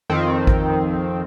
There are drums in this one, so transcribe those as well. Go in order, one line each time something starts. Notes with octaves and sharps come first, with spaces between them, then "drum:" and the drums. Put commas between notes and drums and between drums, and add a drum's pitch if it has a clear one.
F2 D#3 C4
drum: kick A1